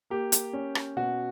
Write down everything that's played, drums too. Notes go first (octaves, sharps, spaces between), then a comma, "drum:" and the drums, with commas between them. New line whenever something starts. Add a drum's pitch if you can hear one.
A#3 G4
drum: hi-hat
C#4
drum: rim click
B2 F#4